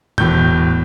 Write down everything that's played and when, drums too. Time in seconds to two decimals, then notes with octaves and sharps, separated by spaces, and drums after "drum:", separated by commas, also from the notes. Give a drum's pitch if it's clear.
0.18 E1 A2 G6, drum: tom A2